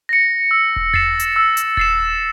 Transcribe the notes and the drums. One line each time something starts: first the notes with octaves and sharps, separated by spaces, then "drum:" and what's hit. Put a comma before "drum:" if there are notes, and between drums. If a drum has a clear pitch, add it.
A#6 C#7
E6
drum: kick D#1
A6 C7 E7, drum: tom E2
drum: hi-hat
E6
drum: hi-hat
A6 C7 E7, drum: kick D#1